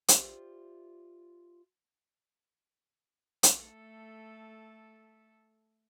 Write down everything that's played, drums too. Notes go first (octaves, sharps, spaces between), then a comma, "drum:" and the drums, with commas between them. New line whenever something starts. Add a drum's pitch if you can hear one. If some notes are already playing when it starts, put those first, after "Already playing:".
F4 G4 C5 D5 E5, drum: hi-hat
drum: hi-hat
A3 A4